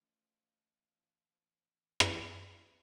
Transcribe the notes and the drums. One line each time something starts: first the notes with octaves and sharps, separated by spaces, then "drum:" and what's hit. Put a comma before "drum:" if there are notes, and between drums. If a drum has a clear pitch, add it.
E3 F3 A3 C#4 D#5
drum: rim click